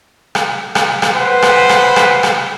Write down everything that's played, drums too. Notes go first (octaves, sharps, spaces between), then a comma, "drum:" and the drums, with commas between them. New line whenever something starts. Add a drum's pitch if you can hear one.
drum: rim click
drum: rim click
drum: rim click
B4 C5 F#5
drum: rim click
drum: rim click
drum: rim click
drum: rim click